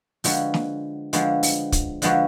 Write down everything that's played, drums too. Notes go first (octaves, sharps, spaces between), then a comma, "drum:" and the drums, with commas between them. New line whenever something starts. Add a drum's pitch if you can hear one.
D3 F3 G#3 B3 F#4, drum: open hi-hat
drum: snare
D3 F3 G#3 B3 F#4, drum: hi-hat
drum: open hi-hat
drum: kick, hi-hat
D3 F3 G#3 B3 F#4, drum: hi-hat